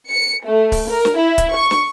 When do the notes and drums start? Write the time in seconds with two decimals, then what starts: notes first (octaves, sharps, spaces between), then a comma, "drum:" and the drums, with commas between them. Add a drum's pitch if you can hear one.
0.11 C#7
0.46 A3
0.72 drum: kick D1, open hi-hat
0.88 A#4
1.05 drum: snare
1.19 E4
1.38 drum: kick D1, hi-hat
1.54 C#6
1.71 drum: snare